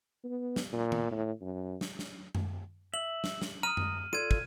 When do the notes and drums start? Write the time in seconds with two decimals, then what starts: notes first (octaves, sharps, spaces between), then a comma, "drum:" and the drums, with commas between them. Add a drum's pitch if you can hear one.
0.24 B3
0.56 drum: snare
0.73 A#2
0.92 drum: tom D#3
1.12 A2
1.41 F#2
1.81 drum: snare
1.99 drum: snare
2.35 drum: tom F#2
2.94 E5 F#7
3.24 drum: snare
3.42 drum: snare
3.63 A#5 D#6 F6 D#7
3.77 drum: tom F#2
4.13 F4 A4 D5 G#6 D#7
4.31 drum: kick